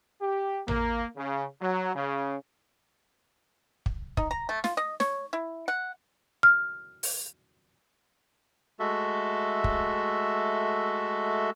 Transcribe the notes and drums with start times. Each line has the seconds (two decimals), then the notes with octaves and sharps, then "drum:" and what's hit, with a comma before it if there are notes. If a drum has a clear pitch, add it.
0.22 G4
0.68 A#3, drum: tom A1
1.16 C#3
1.61 F#3
1.95 C#3
3.86 drum: kick
4.17 D#4, drum: kick
4.31 A#5
4.49 A3
4.64 F4, drum: snare
4.77 D#5
5.00 C#5, drum: snare
5.33 E4
5.68 F#5
6.43 F6
7.03 drum: open hi-hat
8.79 G#3 A3 F#4 A4 E5
9.64 drum: kick